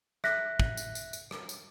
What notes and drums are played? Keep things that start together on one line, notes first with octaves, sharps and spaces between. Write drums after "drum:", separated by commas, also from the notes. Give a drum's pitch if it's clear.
E5 F#6 A#6 B6, drum: rim click
drum: kick
drum: tambourine
drum: tambourine
drum: tambourine
drum: rim click
drum: tambourine